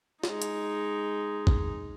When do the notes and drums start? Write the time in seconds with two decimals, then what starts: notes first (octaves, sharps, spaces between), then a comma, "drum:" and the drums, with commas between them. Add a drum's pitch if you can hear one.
0.24 G#3 D#4, drum: snare
0.42 drum: hi-hat
1.47 drum: kick A1